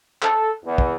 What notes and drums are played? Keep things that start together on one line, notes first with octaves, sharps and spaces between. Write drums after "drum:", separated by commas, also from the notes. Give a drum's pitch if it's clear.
A4, drum: clap
E2
drum: kick